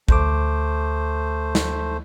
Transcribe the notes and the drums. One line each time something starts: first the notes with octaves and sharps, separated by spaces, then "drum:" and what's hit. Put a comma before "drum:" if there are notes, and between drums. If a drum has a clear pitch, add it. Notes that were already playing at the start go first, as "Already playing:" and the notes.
D2 A3 C5 D6, drum: kick A1
drum: snare